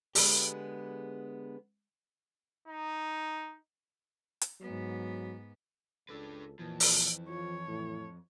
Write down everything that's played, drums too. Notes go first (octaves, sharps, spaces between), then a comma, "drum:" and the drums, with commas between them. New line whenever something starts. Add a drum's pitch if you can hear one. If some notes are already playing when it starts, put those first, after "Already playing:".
D3 G#3 B3 G4 G#4 B5, drum: open hi-hat
D#4
drum: hi-hat
G#2 F#3 B3
C#2 D4 A4 B4
F2 A#2 E3
drum: open hi-hat
F3 C#5
A2